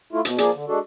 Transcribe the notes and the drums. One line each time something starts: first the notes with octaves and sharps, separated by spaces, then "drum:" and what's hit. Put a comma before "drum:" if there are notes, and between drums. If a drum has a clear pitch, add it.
A3 E4 F4
B2, drum: hi-hat
F3 A#3 G#4 D5, drum: hi-hat
D3
G#3 D4 F#4 A4